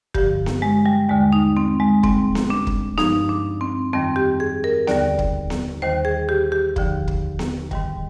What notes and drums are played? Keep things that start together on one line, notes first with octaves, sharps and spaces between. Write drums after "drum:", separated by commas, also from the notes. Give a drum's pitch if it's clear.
G2 D3 F3 G4, drum: kick
drum: snare B3
G#3
G3
D#2 D3 G3 G#3
D#4
C4
G#3
G#2 G3 C4, drum: kick
drum: snare B3
D4
drum: kick
G2 F3 D#4, drum: snare B3
D4
C4
F2 D#3 G3 C4
G4
G#4
A#4
D#2 D3 G3 D5, drum: snare B3
drum: kick
drum: snare B3
D#2 D#3 G3 C5
G#4
G4
G4
D#2 D3 F3, drum: kick
drum: kick
drum: snare B3
G#2 D#3 G3, drum: kick